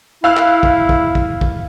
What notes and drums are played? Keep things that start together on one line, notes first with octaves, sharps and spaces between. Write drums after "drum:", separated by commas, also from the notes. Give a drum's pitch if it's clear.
E4 F5 E6 F#6
drum: clap
drum: kick
drum: kick
drum: kick
drum: kick